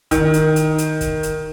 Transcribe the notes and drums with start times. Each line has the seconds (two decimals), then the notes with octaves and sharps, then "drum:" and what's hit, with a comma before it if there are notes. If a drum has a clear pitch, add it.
0.11 D#3, drum: kick, hi-hat
0.34 drum: hi-hat
0.56 drum: hi-hat
0.78 drum: hi-hat
1.01 drum: kick, hi-hat
1.23 drum: hi-hat